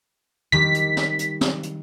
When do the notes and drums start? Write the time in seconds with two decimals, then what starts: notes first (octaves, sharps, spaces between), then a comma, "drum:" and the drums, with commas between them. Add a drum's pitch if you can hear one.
0.52 D#3 G3 G4 B6, drum: tom
0.75 drum: hi-hat
0.97 drum: snare
1.19 drum: hi-hat
1.41 drum: snare
1.63 drum: hi-hat